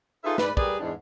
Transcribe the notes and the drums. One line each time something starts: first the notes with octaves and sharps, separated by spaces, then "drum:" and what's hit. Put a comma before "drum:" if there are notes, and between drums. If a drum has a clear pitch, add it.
D#4 F4 G#4 A4 B4 E5
G#2 B4 D5, drum: snare
G3 G4 G#4 A#4 B4 D5, drum: kick
E2 G#2 D4